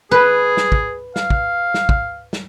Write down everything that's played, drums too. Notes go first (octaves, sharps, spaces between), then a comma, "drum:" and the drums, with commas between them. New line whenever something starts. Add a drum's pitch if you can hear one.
G#4 B4
drum: snare
drum: kick
F5, drum: snare
drum: kick
drum: snare
drum: kick
drum: snare